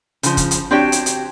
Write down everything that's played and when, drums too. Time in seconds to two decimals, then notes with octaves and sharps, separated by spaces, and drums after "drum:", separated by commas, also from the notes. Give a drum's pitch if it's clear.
0.23 C#3 F3, drum: hi-hat
0.37 drum: kick, hi-hat
0.51 drum: hi-hat
0.71 C4 D4 F#4 G4 C#5 G5
0.92 drum: hi-hat
1.06 drum: hi-hat